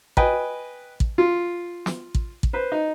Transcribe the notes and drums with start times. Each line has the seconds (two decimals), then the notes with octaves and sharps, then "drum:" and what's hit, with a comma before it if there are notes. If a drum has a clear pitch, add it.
0.17 B4 D#5 G5 G#5, drum: kick
1.00 drum: kick
1.18 F4
1.86 drum: snare
2.15 drum: kick
2.43 drum: kick
2.53 B4 C5
2.72 D#4